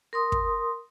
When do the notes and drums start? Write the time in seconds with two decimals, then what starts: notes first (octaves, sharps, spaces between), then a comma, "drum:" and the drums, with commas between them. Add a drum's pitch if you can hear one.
0.13 A#4 C6 D#6
0.32 drum: kick